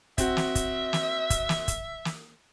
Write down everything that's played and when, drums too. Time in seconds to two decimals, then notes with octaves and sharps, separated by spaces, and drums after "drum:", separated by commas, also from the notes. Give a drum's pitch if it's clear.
0.18 C4 F#4 E5, drum: kick, hi-hat
0.37 drum: snare
0.55 drum: kick, hi-hat
0.93 drum: snare
1.30 drum: kick, hi-hat
1.49 drum: snare
1.68 drum: kick, hi-hat
2.05 drum: snare